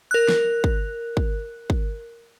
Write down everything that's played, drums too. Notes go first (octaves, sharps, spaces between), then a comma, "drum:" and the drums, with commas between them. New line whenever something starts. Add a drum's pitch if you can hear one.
A#4 F#6
drum: snare
drum: kick
drum: kick
drum: kick